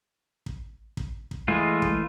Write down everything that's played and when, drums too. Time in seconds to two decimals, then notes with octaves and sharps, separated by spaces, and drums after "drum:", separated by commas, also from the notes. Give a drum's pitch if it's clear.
0.46 drum: kick
0.97 drum: kick
1.31 drum: kick
1.48 E3 G#3 A3 F4
1.82 drum: kick